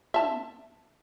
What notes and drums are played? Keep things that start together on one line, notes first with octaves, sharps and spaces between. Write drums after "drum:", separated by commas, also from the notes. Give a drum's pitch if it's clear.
E5 A5, drum: tom